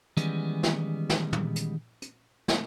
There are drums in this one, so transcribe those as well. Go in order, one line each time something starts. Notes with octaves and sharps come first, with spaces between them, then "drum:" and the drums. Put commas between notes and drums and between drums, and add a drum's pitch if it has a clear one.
D#3 E3 G3 G#3 B3 C#4, drum: hi-hat
drum: snare
drum: snare
drum: tom
drum: hi-hat
drum: hi-hat
drum: snare